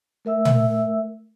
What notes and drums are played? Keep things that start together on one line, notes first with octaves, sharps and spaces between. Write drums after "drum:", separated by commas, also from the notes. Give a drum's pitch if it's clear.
A3 A#4 E5 E6
drum: tom A#2